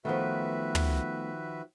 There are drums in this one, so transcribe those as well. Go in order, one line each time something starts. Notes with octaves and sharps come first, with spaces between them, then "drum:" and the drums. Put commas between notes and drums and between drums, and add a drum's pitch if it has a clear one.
D#3 F3 A3 B3 F#4 B4 E5
drum: tom